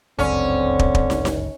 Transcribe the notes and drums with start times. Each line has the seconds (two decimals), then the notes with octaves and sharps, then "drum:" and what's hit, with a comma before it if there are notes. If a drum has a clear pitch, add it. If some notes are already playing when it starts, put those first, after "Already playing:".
0.19 G1 C#2 F#2 D3 C4 C#4
0.79 drum: kick
0.95 drum: kick
1.10 drum: snare
1.25 drum: snare